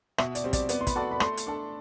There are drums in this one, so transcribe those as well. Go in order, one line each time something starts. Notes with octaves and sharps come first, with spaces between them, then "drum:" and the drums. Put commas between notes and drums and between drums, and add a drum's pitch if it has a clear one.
B2 E5, drum: rim click
D5, drum: hi-hat
G3 C4
D5, drum: kick, hi-hat
B3 D5, drum: hi-hat
C6
B5, drum: kick, hi-hat
F#4 A4 D5
B5
A3 C6, drum: rim click
drum: hi-hat
D4 A4